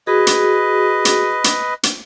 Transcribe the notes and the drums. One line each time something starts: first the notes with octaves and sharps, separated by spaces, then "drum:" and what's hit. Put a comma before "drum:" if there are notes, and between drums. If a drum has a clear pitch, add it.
F#4 G#4 B4 D#5
drum: hi-hat
drum: hi-hat
drum: hi-hat
drum: hi-hat